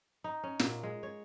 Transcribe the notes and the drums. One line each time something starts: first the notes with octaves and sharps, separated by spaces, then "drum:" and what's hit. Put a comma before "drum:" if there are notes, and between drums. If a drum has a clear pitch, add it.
D#4
C#4
A#2, drum: snare
G#3
C#5